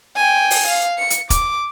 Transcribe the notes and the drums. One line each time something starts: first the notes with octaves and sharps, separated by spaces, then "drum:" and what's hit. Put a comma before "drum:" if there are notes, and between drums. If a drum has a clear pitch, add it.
G5 G#5
drum: open hi-hat
F5
C#7
drum: hi-hat
D6, drum: kick, hi-hat